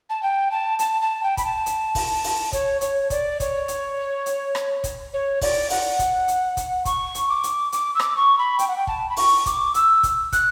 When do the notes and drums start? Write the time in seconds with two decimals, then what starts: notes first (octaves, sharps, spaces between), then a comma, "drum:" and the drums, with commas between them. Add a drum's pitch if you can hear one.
0.09 A5
0.22 G5
0.51 A5
0.79 A5, drum: hi-hat
1.01 A5
1.23 G5
1.37 B5, drum: kick, hi-hat
1.44 A5
1.66 drum: hi-hat
1.95 drum: kick, open hi-hat
2.24 drum: open hi-hat
2.52 C#5, drum: kick, hi-hat
2.81 C#5, drum: hi-hat
3.10 D5, drum: kick, hi-hat
3.40 C#5, drum: kick, hi-hat
3.68 drum: hi-hat
4.26 drum: hi-hat
4.55 drum: rim click
4.84 drum: kick, hi-hat
5.13 C#5
5.41 D5, drum: kick, open hi-hat
5.70 F#5, drum: open hi-hat
5.99 drum: kick, hi-hat
6.28 drum: hi-hat
6.57 drum: kick, hi-hat
6.85 C#6, drum: kick, hi-hat
7.15 drum: hi-hat
7.29 D6
7.43 drum: hi-hat
7.72 D6, drum: hi-hat
7.95 E6
7.99 D6, drum: rim click
8.16 C#6
8.38 B5
8.59 G5, drum: hi-hat
8.68 F#5
8.76 G5
8.87 A5, drum: kick
9.09 B5
9.16 C#6, drum: open hi-hat
9.46 D6, drum: kick, hi-hat
9.74 E6, drum: hi-hat
10.03 drum: kick, hi-hat
10.32 F#6, drum: kick, hi-hat